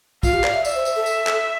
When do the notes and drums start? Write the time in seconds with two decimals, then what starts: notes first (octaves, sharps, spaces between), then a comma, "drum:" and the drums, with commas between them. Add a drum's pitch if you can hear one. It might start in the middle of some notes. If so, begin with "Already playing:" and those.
0.23 F4 F5, drum: kick, tambourine
0.34 G4
0.44 D5, drum: clap
0.54 E5
0.65 D5 E5, drum: tambourine
0.75 C5
0.85 drum: tambourine
0.96 A4
1.06 drum: tambourine
1.27 drum: clap